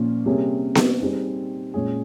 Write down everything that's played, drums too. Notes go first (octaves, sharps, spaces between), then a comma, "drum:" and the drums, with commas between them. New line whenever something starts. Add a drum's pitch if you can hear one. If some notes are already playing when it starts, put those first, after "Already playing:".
Already playing: A#2 F3 A#3 C#4 F4
C3 G3 A#3 C#4 G#4
drum: snare B3
G3 C4 D#4 G#4
A#2 G#3 C#4 G#4